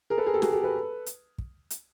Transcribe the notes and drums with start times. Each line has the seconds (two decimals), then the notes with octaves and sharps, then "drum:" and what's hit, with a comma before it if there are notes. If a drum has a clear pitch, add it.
0.10 G#4 A#4
0.18 A4 B4
0.27 G#4 A#4
0.34 G4 A4
0.42 F#4 G#4, drum: snare
0.52 G4 A4
0.63 A4 B4
1.06 drum: hi-hat
1.38 drum: kick
1.70 drum: hi-hat